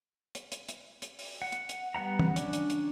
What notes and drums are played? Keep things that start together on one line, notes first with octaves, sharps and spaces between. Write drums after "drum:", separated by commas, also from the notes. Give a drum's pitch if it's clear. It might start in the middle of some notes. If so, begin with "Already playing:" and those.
drum: hi-hat
drum: hi-hat
drum: hi-hat
drum: hi-hat
drum: open hi-hat
F#5
drum: hi-hat
drum: hi-hat
G3 B3 F#5 A#5
drum: tom
C#4 D4, drum: hi-hat
drum: hi-hat
drum: hi-hat